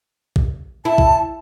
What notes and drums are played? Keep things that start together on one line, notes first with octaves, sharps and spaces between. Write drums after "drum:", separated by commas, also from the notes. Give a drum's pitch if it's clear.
drum: kick A#1
E4 A5
drum: kick A#1